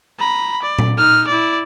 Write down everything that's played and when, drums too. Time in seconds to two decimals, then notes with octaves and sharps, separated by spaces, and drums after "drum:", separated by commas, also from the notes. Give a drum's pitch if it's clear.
0.19 A#5 B5
0.63 D5
0.79 drum: tom A#2
0.98 D#4 F6
1.28 E4 D5